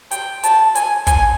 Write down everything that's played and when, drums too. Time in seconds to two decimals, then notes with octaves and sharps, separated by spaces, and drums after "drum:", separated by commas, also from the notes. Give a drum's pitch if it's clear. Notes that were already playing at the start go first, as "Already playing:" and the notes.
0.11 G5, drum: hi-hat
0.43 A5, drum: hi-hat
0.75 G#5, drum: hi-hat
1.07 G#5, drum: kick, hi-hat